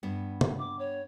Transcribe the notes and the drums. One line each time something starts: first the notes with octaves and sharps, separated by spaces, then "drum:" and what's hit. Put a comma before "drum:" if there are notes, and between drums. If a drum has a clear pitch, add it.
G2 B3
drum: tom
D6
C#5